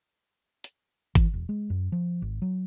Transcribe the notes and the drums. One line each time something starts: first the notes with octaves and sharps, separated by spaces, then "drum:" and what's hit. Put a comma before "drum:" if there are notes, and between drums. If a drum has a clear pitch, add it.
drum: hi-hat
E3, drum: kick G1, hi-hat
E1
G#3
F#2
F3
G#1
F#3